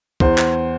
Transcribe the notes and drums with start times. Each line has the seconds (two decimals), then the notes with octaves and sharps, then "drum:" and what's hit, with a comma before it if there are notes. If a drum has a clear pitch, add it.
0.20 E2 C5, drum: kick
0.38 drum: clap